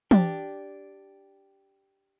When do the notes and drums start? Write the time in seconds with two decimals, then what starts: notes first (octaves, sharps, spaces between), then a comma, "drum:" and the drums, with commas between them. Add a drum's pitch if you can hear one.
0.11 D4 G4, drum: tom